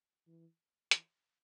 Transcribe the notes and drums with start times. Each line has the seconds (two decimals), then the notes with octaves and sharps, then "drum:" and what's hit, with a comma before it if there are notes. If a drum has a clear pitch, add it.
0.27 E3
0.91 E3, drum: hi-hat